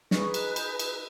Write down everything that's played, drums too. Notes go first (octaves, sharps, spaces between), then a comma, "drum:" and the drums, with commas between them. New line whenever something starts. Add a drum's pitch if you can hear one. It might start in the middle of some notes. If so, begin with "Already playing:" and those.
D#4 G#4 B4 C#6, drum: snare
F#6, drum: cymbal
G6, drum: cymbal
drum: cymbal